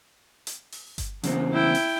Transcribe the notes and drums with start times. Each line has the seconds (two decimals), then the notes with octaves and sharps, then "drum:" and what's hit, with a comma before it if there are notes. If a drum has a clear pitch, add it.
0.47 drum: hi-hat
0.72 drum: open hi-hat
0.98 drum: kick G1, hi-hat
1.23 E2 C#3 C4, drum: hi-hat
1.52 E4 G5
1.75 drum: open hi-hat